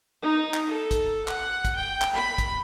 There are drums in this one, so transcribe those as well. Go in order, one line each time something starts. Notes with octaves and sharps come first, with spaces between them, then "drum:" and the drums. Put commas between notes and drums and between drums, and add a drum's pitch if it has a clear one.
D#4
drum: clap
A4
drum: kick, hi-hat
F#5, drum: clap
drum: kick, hi-hat
G5
drum: clap
B5
drum: kick, hi-hat